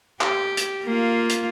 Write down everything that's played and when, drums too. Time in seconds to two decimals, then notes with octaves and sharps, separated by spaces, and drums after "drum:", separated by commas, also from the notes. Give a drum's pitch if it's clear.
0.21 G4, drum: clap
0.57 drum: hi-hat
0.85 A#3 F4
1.29 drum: hi-hat